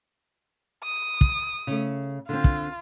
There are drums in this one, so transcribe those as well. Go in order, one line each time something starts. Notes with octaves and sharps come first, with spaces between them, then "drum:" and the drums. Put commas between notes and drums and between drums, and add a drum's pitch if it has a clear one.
D#6
drum: kick
C#3 A3
D3 C4 F4
drum: kick